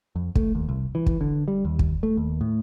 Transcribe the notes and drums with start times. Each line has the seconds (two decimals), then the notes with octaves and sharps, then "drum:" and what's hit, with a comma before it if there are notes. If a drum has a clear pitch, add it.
0.16 F2
0.35 A3, drum: kick
0.55 D#2
0.69 C2
0.95 E3
1.06 drum: kick
1.21 D3
1.48 G3
1.65 D#2
1.79 drum: kick
2.03 A3
2.17 D#2
2.41 A2